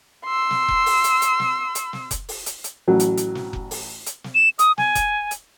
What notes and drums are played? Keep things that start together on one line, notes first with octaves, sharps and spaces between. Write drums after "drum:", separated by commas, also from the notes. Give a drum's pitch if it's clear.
C6 E6
drum: snare
drum: kick F1
drum: open hi-hat
drum: hi-hat
drum: hi-hat
drum: snare
drum: hi-hat
drum: snare
drum: kick F1, hi-hat
drum: open hi-hat
drum: hi-hat
drum: hi-hat
A1 F#3
drum: hi-hat
drum: hi-hat
drum: snare
drum: kick F1
drum: open hi-hat
drum: hi-hat
drum: snare
E7
D#6, drum: hi-hat
G#5, drum: snare
drum: kick F1, hi-hat
drum: hi-hat